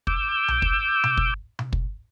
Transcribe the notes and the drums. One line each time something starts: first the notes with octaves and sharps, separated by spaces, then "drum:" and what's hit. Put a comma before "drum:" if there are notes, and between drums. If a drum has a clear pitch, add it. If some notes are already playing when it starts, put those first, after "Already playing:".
D6 E6 G6, drum: kick
drum: tom B1
drum: kick
drum: tom B2
drum: kick
drum: tom B2
drum: kick